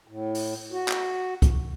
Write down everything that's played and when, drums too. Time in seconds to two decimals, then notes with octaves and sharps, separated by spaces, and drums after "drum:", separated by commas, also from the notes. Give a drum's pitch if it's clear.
0.08 A2
0.35 drum: open hi-hat
0.72 F#4
0.88 drum: clap
1.42 drum: kick C2, hi-hat